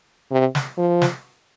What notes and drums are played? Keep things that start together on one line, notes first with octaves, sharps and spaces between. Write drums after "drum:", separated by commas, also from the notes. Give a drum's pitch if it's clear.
C3
drum: snare
F3
drum: snare